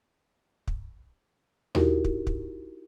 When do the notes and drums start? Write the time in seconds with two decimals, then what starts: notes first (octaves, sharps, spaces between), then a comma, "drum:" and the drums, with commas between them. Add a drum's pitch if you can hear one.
0.67 drum: kick
1.75 D#4 E4 F#4 G4 A#4, drum: tom D#2
2.04 drum: kick
2.27 drum: kick